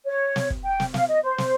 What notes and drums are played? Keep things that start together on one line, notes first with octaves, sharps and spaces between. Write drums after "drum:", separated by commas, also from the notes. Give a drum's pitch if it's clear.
C#5
drum: snare
drum: kick
G5
drum: snare
F5, drum: snare
D#5
C5
drum: snare